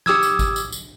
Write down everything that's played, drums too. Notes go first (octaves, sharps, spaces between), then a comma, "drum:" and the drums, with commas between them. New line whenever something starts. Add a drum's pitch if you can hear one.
G4 D#6 E6 G#6, drum: snare
drum: tambourine
drum: kick, tambourine
drum: tambourine
drum: tambourine